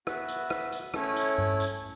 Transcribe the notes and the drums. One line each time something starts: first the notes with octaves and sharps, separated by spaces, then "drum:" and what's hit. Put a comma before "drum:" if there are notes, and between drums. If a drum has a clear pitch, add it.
B3 F#4 B4 E5, drum: rim click
drum: tambourine
drum: rim click
drum: tambourine
A3 C#4 E4 C#5, drum: rim click
drum: tambourine
drum: tom G2
drum: tambourine